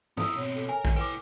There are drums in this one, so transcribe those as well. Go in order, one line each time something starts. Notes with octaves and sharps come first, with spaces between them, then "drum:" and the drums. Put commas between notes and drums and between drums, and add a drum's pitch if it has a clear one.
C#4 E4 D#6 E6, drum: tom
B2 C4 C#5
A4
A#4 G#5
A2 D#3, drum: kick
E4 B4 G5 D6